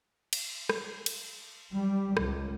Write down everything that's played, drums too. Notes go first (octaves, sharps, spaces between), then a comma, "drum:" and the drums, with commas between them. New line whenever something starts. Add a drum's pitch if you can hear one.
drum: cymbal
drum: rim click
drum: cymbal
G3
C#2, drum: rim click